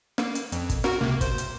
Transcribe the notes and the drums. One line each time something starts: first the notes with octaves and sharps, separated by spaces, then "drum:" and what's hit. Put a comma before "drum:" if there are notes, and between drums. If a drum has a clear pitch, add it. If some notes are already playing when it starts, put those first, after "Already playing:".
A#3, drum: snare
drum: hi-hat
F2, drum: hi-hat
drum: kick, hi-hat
F#4 A#4, drum: snare
C#2 C3 A#3
C5, drum: kick, hi-hat
drum: hi-hat